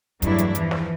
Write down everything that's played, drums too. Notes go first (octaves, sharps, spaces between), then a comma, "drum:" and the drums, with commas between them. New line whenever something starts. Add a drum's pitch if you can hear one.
E2 G2 F#3 A3 D4 E4, drum: kick, hi-hat
drum: hi-hat
E2 E3 F3, drum: hi-hat
drum: snare